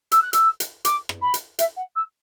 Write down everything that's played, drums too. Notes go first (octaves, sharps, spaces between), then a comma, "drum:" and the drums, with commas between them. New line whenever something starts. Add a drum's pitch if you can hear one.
E6, drum: hi-hat
F#6
E6, drum: hi-hat
drum: hi-hat
D6, drum: hi-hat
drum: rim click
B5
drum: hi-hat
E5, drum: hi-hat
F#5
E6